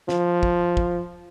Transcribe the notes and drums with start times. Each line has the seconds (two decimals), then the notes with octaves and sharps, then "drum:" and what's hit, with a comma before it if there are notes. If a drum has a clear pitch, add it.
0.09 F3, drum: snare
0.43 drum: kick
0.77 drum: kick